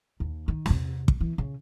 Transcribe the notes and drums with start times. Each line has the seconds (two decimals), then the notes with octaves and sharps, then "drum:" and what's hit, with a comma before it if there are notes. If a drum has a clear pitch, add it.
0.20 D#2
0.48 D#3
0.66 E2 C3, drum: snare
1.08 drum: kick
1.21 E3
1.38 C#3